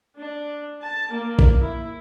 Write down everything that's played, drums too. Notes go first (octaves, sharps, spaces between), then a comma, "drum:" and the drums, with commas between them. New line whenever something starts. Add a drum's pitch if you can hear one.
D4
A5
A#3
drum: kick
E4